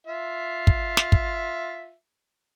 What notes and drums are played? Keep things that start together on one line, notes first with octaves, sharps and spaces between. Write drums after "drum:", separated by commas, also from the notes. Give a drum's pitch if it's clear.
F4 E5
drum: kick
drum: snare
drum: kick